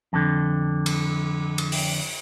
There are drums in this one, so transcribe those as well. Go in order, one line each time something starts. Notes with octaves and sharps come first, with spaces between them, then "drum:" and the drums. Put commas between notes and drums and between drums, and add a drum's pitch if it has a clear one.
F2 D3
drum: cymbal
drum: cymbal
drum: open hi-hat